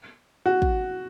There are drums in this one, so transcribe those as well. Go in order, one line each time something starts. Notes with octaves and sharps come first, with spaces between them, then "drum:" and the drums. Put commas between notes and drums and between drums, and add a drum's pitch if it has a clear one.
F#4
drum: kick